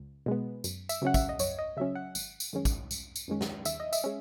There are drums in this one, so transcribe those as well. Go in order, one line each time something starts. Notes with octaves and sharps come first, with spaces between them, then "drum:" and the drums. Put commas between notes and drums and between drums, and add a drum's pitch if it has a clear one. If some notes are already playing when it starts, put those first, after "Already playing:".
Already playing: C#2
B2 G#3 B3
F#2, drum: tambourine
E5, drum: tambourine
C#3 F#3 C#4 F#5
E5, drum: kick, tambourine
D#5
F#2 C#5, drum: tambourine
D#5
C#3 F#3 C#4 E5
F#5
G#1, drum: tambourine
drum: tambourine
F#2 D#3 G#3 C#4
drum: kick, tambourine
G#1, drum: tambourine
drum: tambourine
F#2 D#3 G#3 C#4
drum: snare
D#2 E5, drum: tambourine
D#5
E5, drum: tambourine
G#3 C#4